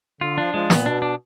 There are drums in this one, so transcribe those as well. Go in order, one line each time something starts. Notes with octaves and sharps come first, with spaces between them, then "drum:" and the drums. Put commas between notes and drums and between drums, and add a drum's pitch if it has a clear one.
D3 F4
F3 D4
F3 G#3
A#2 B3, drum: snare
B2 D4
D4